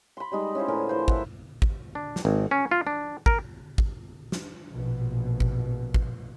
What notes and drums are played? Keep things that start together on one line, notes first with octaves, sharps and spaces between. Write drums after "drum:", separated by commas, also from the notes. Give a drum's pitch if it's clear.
B5 C6
G3 G#3 D#4
C#4 E4 F4 C5
A2 D3 G#4 A#4
E3 F3 C5
E5 F#5, drum: kick
drum: kick
D4
drum: snare
G#1
C#4
F4
D4
A#4, drum: kick
drum: kick
drum: snare
A#1 B2
drum: kick
drum: kick